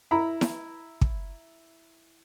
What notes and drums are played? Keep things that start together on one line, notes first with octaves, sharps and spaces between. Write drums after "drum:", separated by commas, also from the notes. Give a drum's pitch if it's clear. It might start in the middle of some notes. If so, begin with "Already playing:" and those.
E4 A#5 B5
drum: snare E4
drum: kick